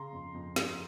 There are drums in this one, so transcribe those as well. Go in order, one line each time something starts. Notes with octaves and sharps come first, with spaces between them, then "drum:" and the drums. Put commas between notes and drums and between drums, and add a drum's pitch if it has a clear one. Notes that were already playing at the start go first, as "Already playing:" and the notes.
Already playing: C#3 A#5 C6
F2
F2
F2, drum: snare